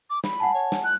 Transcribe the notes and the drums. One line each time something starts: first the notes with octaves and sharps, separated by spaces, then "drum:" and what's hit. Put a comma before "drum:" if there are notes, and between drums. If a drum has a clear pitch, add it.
D6
B5, drum: snare
F#5 G#5 A5
C#5
drum: snare
F#6